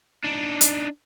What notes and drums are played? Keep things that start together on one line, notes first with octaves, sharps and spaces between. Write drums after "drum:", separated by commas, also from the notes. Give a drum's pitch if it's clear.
D4 D#4
drum: hi-hat